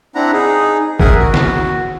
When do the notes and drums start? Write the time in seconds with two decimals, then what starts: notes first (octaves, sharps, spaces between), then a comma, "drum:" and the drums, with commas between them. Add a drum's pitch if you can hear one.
0.15 C4 D4 E4 F#5 A#5
0.33 D#4 G#4
1.00 G#4 A#4 E5 F#5 G#5, drum: kick
1.19 F#4
1.34 drum: snare